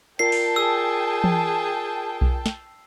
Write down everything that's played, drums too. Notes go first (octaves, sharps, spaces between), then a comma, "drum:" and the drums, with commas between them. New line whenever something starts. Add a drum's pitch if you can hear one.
F4 A#4 D5 G5 A5 C7
drum: open hi-hat
G#4 E6
drum: tom E3
drum: kick B1
drum: snare